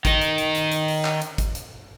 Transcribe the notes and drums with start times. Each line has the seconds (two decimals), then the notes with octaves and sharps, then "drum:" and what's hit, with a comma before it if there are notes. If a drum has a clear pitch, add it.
0.05 D#3 D#4, drum: kick, hi-hat
0.21 drum: hi-hat
0.38 drum: hi-hat
0.55 drum: hi-hat
0.72 drum: hi-hat
0.88 drum: open hi-hat
1.05 drum: clap
1.22 drum: hi-hat
1.38 drum: kick, hi-hat
1.55 drum: hi-hat